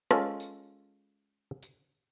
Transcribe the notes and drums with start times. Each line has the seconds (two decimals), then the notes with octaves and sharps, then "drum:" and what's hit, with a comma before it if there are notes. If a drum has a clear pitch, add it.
0.11 G#3 C#4 F4 A4, drum: rim click
0.40 drum: tambourine
1.63 drum: tambourine